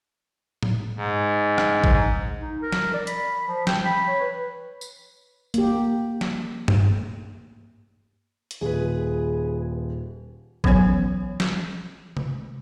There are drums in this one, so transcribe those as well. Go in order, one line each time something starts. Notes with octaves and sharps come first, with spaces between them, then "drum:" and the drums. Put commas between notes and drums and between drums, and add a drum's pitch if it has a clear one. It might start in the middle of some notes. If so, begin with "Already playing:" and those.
drum: tom A2
G#2
drum: rim click
drum: kick G#1
D#4
A#4
drum: snare
D5
B5, drum: hi-hat
F3
G5, drum: snare
B5
C#5
B4
drum: tambourine
A#3 G4, drum: hi-hat
drum: snare
drum: tom G2
drum: hi-hat
D#1 G#4 B4
E3 F#3 B3 C#4 C#5 G#5, drum: kick G#1
drum: snare
drum: tom C3